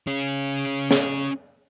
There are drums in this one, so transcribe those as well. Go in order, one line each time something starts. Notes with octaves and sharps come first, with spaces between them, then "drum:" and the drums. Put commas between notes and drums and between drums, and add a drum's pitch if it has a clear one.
C#4 G#4
drum: snare